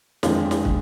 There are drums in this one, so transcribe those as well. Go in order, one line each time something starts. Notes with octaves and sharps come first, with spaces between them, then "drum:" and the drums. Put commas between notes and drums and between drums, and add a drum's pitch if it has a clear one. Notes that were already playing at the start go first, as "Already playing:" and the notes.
F2 D#3 G#3 D4 F4, drum: snare
drum: snare
drum: kick